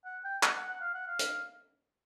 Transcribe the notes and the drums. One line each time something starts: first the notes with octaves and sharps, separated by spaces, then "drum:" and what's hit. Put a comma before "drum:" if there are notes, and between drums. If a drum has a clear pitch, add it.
F#5
G5
F#5, drum: clap
F#5
F#5
F5
F#5
F5
drum: hi-hat